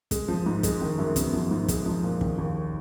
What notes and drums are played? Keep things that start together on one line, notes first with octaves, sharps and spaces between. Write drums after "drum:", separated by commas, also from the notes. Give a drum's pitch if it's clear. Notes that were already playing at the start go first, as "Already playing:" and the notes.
G#3, drum: kick, hi-hat
F3
G#2
G#3, drum: kick, hi-hat
D#3
F#2
B3, drum: kick, hi-hat
F3
G#2
G#3, drum: kick, hi-hat
F3
A#2
D#3, drum: kick
D#2